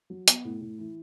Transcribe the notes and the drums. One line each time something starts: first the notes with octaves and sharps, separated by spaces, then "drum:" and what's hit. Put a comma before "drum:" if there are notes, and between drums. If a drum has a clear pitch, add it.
F#3
B3, drum: hi-hat
A2
A2
E3